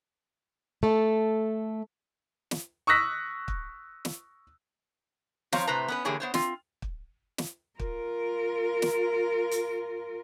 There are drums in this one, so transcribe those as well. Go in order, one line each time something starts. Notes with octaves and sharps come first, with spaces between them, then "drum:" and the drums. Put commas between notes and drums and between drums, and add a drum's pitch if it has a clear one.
A3 A4
drum: snare
C#6 D#6 E6 F#6 A#6 B6
drum: kick
drum: snare
F3 C4 C5 C#5 F5 A#5, drum: snare
A2 C3 B4 C5 A#5
B3 C#4 B4
D3 E3 A#3 G4 G#4 C#5
B3 C5 C#5
C4 F4, drum: snare
drum: kick
drum: snare
F4 A#4, drum: kick
drum: snare
drum: hi-hat